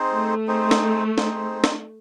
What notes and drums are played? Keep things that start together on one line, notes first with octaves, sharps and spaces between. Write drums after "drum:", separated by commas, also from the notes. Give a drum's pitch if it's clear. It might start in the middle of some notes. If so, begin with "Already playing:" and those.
Already playing: C4 D#4 G#4 C5
A3
C4 D#4 G#4 C5
drum: snare
C4 D#4 G#4 C5, drum: snare
drum: snare